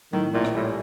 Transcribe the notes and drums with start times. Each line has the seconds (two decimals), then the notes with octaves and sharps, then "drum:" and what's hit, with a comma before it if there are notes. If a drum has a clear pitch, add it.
0.13 A2 D#3, drum: tom F#3
0.34 A#1 A#2
0.44 drum: rim click
0.54 A2 G3